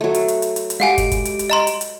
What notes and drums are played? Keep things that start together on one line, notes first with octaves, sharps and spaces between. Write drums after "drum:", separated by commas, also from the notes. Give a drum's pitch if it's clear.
F#3 A3
drum: hi-hat
drum: hi-hat
drum: hi-hat
drum: hi-hat
drum: hi-hat
G#3 G4 F5 F#5 G#5 D7
drum: kick, hi-hat
drum: kick, hi-hat
drum: hi-hat
drum: hi-hat
D#5 A#5 C6
drum: hi-hat
drum: hi-hat